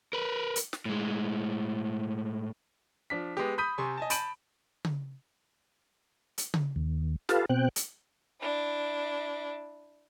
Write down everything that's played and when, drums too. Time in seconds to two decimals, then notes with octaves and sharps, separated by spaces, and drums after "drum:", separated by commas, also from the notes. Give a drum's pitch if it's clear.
0.13 A#4 B4
0.56 drum: hi-hat
0.73 drum: snare
0.85 A2 G#3
3.10 F3 D4 B6
3.37 G#3 B3 G4
3.58 B5 D#6 G6 B6 D#7
3.78 C3 G#5 C6 C#6
3.98 D#5 G#5 A5
4.10 A5 B5 G6 D7 D#7 F#7, drum: hi-hat
4.85 drum: tom C#3
6.38 drum: hi-hat
6.54 drum: tom C#3
6.76 D#2
7.29 F4 G4 A4 B4 F5 A5, drum: snare
7.49 B2 C4 G5 F#6
7.76 drum: hi-hat
8.40 D4 E4